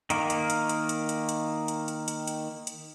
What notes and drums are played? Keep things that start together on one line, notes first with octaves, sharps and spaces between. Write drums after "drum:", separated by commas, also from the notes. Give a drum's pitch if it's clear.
D#3 A#3, drum: hi-hat
drum: hi-hat
drum: hi-hat
drum: hi-hat
drum: hi-hat
drum: hi-hat
drum: hi-hat
drum: hi-hat
drum: hi-hat
drum: hi-hat
drum: hi-hat
drum: hi-hat